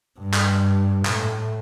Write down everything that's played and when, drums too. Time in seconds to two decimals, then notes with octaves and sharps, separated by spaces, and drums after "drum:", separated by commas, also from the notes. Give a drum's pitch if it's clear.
0.20 G2
0.34 drum: clap
1.05 A2, drum: clap